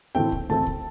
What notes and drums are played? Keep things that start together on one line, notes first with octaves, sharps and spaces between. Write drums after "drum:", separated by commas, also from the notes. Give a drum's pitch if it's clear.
A2 E3 A3 C4 G5
drum: kick C2
A2 E3 A3 C4 A5
drum: kick C2